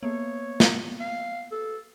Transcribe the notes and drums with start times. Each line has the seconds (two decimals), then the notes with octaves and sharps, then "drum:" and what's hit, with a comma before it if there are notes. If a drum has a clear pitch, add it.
0.03 A#3 B3 C#5
0.60 drum: snare
1.00 F5
1.52 A4